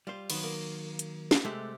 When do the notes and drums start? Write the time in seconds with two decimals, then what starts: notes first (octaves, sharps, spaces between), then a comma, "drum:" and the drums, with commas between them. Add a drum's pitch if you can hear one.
0.07 G3 F4 C5
0.30 D#3 F#3 B3, drum: cymbal
0.43 A#3
0.99 drum: hi-hat
1.31 drum: snare
1.45 C3 G#3 A3 G4